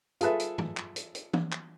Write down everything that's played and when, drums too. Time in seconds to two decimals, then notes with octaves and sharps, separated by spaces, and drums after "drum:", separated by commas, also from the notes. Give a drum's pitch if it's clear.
0.21 F4 G#4 A4 B4 E5, drum: hi-hat
0.40 drum: hi-hat
0.58 drum: tom G2
0.77 drum: clap
0.96 drum: hi-hat
1.15 drum: hi-hat
1.33 drum: tom E3
1.52 drum: clap